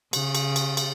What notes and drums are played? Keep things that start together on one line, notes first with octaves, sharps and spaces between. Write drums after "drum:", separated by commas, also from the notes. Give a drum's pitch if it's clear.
C#3, drum: cymbal
drum: cymbal
drum: cymbal
drum: cymbal